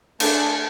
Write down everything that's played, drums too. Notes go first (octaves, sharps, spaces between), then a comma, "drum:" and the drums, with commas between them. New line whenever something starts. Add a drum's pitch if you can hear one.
A3 D4 G#4 A5, drum: cymbal